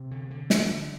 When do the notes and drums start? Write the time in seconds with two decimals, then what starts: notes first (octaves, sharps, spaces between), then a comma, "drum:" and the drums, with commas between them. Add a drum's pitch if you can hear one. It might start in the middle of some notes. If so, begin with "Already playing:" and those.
Already playing: C3
0.11 D3
0.30 D3
0.50 D4, drum: snare
0.71 D3